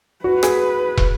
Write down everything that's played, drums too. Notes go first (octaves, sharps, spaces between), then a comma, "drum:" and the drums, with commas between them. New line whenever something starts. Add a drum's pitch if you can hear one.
F#4 B4
G#4, drum: rim click
drum: kick